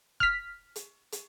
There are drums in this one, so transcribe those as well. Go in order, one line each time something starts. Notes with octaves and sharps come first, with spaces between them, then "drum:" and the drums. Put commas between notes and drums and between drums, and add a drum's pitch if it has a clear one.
F6 B6, drum: kick F1
drum: hi-hat
drum: hi-hat